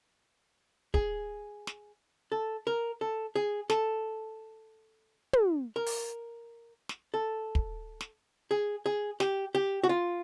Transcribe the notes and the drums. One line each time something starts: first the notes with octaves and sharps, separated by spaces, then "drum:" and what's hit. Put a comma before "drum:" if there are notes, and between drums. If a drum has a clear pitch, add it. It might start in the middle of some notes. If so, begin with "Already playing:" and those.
G#4, drum: kick
drum: snare
A4
A#4
A4
G#4
A4, drum: snare
drum: tom
A#4
drum: open hi-hat
drum: snare
A4
drum: kick
drum: snare
G#4
G#4
G4, drum: snare
G4
F#4
F4